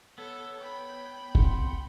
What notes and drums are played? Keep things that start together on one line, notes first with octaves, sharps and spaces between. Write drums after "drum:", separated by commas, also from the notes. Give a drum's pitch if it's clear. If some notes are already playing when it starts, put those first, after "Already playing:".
B3 A4 C#5
G5 B5
C4 F#5 C6, drum: kick